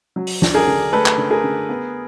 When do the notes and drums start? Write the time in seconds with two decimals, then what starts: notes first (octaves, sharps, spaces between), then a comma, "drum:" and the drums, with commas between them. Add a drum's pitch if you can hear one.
0.16 F#3
0.27 drum: open hi-hat
0.42 D4, drum: snare
0.54 G#4 A#4
0.68 D3
0.92 A3 A4 B4
1.06 drum: clap
1.18 D3
1.31 G#4 A#4
1.44 D3
1.69 B3